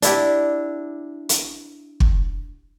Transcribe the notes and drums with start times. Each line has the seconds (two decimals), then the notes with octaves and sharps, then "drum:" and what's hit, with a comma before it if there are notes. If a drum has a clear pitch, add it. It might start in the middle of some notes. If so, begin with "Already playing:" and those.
0.02 D4 E4 G4, drum: hi-hat
1.29 drum: hi-hat
2.00 drum: kick